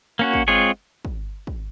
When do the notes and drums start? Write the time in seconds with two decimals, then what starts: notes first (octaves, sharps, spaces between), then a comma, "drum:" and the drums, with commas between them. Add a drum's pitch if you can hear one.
0.19 A#3 C#4 F#4
0.33 drum: kick
0.48 G#3 C4 F4 G#4 C#5
1.05 drum: kick
1.47 drum: kick